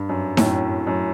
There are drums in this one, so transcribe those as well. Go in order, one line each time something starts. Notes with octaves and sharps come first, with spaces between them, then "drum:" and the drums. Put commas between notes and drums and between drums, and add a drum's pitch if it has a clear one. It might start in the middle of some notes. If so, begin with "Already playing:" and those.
Already playing: G2
F#2
F#2 A2, drum: snare D#4
F#2